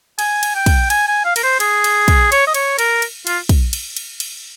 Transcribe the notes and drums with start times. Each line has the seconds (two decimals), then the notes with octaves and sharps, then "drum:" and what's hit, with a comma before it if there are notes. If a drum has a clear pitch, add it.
0.19 G#5, drum: cymbal
0.43 drum: cymbal
0.55 G5
0.66 drum: kick, cymbal
0.90 G#5, drum: cymbal
1.08 G#5
1.25 F5
1.36 A#4, drum: cymbal
1.43 C5
1.60 G#4, drum: cymbal
1.84 drum: cymbal
2.08 drum: kick, cymbal
2.32 C#5, drum: cymbal
2.47 D#5
2.54 C#5, drum: cymbal
2.79 A#4, drum: cymbal
3.02 drum: cymbal
3.27 F4, drum: cymbal
3.49 drum: kick, cymbal
3.73 drum: cymbal
3.97 drum: cymbal
4.20 drum: cymbal